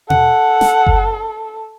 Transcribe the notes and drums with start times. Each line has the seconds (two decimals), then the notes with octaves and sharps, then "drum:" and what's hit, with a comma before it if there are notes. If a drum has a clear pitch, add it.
0.10 A4 F#5, drum: tom
0.61 drum: snare
0.87 drum: kick F#1